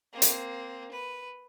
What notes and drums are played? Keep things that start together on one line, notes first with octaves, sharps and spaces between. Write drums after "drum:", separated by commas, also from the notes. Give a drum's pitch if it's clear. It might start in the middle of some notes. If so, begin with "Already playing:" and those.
A#3 C4
drum: hi-hat
B4